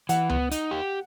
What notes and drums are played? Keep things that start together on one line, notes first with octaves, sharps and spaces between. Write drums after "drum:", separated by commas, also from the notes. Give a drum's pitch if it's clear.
E3 F#5, drum: hi-hat
B3, drum: tom C#2
D#4, drum: hi-hat
G4